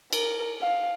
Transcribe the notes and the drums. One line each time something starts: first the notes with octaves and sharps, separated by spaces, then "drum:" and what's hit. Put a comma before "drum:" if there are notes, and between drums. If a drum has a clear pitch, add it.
A#4, drum: cymbal
F5